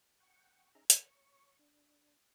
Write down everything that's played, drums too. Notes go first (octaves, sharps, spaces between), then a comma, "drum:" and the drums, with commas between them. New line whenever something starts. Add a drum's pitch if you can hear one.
F#5 G5 C#6
C#4 D#4 G#4 E5 A#5 F6
C#5 C#6, drum: hi-hat
D4